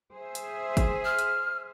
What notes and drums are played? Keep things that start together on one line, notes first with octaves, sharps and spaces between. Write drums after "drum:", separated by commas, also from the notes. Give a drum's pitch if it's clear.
G#4 C5 E5
drum: hi-hat
drum: kick G1, hi-hat
F6
drum: hi-hat